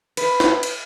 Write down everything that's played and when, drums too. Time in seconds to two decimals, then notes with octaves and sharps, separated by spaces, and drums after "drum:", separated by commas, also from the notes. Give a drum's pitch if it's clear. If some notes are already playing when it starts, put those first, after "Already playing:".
0.17 B4, drum: cymbal
0.40 drum: snare
0.63 drum: cymbal